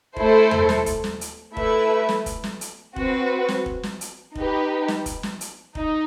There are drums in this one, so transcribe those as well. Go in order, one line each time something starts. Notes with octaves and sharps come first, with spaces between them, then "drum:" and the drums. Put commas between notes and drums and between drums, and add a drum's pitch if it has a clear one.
A3 E4 A4 C5, drum: kick
drum: tom E2
drum: snare
drum: kick, hi-hat
drum: snare
drum: hi-hat
A3 E4 B4 E5, drum: kick
drum: snare
drum: kick, hi-hat
drum: snare
drum: hi-hat
C4 F#4 B4, drum: kick
drum: snare
drum: kick
drum: snare
drum: hi-hat
D#4 G4 B4, drum: kick
drum: snare
drum: kick, hi-hat
drum: snare
drum: hi-hat
D#4, drum: kick